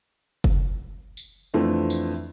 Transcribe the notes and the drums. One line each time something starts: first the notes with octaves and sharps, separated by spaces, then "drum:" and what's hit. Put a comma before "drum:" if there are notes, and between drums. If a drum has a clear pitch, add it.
drum: kick F#1
drum: tambourine
F2 E3 A3 C4 D4
drum: tambourine